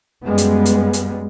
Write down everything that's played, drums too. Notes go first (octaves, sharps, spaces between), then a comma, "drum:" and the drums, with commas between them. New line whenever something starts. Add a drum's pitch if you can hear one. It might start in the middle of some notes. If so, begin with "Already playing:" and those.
F#2 G3 G#3 B3
drum: hi-hat
drum: hi-hat
drum: hi-hat